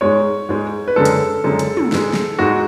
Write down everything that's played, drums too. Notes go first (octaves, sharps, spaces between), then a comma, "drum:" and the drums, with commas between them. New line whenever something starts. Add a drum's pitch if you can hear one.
G#2 G#3 C#5
G#2 G#3
B4
F#2 D3 G#3 A4
drum: hi-hat
F#2 D3 G#3
drum: hi-hat
drum: tom
G#2 G#3, drum: snare
drum: snare
G#2 G#3 F#4